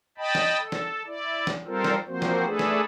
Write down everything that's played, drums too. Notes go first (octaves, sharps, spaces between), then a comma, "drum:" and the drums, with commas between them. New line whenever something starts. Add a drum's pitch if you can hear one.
D#5 G5 A5 B5
drum: snare
A4
drum: snare
E4 D5
drum: snare
G3 C4 F4 A4 A#4 C5
drum: snare
F3 A#3 C4 F#4 C5
drum: snare
A3 D4 G#4 A4 B4
drum: snare